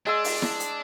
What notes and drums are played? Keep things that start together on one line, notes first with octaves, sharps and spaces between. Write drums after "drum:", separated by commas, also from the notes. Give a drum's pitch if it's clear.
G#3 D4 G#5 E6
drum: open hi-hat
drum: snare E4
drum: hi-hat